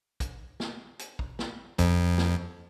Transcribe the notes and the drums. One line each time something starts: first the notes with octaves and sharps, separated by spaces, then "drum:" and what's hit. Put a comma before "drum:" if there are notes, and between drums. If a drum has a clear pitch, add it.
drum: kick, hi-hat
drum: snare
drum: hi-hat
drum: kick
drum: snare
F2, drum: kick, hi-hat
drum: snare